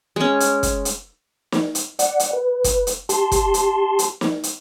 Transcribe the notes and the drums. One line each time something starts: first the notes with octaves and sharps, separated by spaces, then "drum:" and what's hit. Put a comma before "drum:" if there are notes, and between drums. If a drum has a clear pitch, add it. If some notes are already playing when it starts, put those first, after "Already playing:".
G#3 C#4
drum: hi-hat
drum: kick, hi-hat
drum: hi-hat
drum: snare
drum: hi-hat
D5 F#5, drum: hi-hat
drum: hi-hat
B4
drum: kick, hi-hat
drum: hi-hat
G4 A5 C6, drum: hi-hat
drum: kick, hi-hat
drum: hi-hat
drum: hi-hat
drum: snare
drum: hi-hat